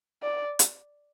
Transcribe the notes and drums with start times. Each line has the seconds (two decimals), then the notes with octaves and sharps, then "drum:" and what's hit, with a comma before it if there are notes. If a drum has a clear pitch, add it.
0.23 D5
0.59 drum: hi-hat